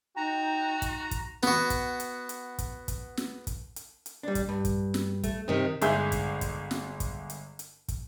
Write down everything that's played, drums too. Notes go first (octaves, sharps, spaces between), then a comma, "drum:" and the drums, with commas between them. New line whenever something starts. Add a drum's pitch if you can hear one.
D#4 F#4 G5 A#5
drum: kick, hi-hat
drum: kick, hi-hat
B3 F#4, drum: snare
drum: kick, hi-hat
drum: hi-hat
drum: hi-hat
drum: kick, hi-hat
drum: kick, hi-hat
drum: snare
drum: kick, hi-hat
drum: hi-hat
drum: hi-hat
G3 D4
drum: kick, hi-hat
G2
drum: kick, hi-hat
drum: snare
A3, drum: kick, hi-hat
C3 D#3 C4 D#4
G1 G#3 G#4 E5 G6, drum: hi-hat
drum: kick, hi-hat
drum: kick, hi-hat
drum: snare
drum: kick, hi-hat
drum: hi-hat
drum: hi-hat
drum: kick, hi-hat